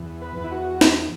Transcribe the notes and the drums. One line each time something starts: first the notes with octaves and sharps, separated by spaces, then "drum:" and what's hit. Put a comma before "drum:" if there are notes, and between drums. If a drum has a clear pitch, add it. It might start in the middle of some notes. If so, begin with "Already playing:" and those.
Already playing: E2
B4
E2
E4
F#4
drum: snare